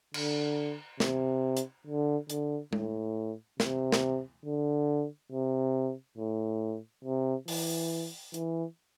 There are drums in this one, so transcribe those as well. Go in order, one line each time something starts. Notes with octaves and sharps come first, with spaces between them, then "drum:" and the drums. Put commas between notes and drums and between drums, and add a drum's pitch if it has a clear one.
D3, drum: cymbal
C3, drum: snare
drum: hi-hat
D3
D3, drum: hi-hat
A2, drum: tom G#3
C3, drum: snare
drum: snare
D3
C3
A2
C3
E3, drum: open hi-hat
E3, drum: hi-hat